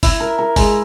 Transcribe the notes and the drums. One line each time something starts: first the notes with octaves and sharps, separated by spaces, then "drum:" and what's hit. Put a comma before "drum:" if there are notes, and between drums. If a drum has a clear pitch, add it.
E4, drum: kick, open hi-hat
A#4
A#4
G#3, drum: kick, open hi-hat